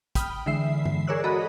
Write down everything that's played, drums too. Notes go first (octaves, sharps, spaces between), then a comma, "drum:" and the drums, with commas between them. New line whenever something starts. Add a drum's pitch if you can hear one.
G5 B5 D#6 F6, drum: kick, hi-hat
D3 E3 G#3 E5 C7
drum: tom G2
G#4 A#4 C#5 D5 E6 F#6
F#4 A4 D#5 A#5 B5 D#6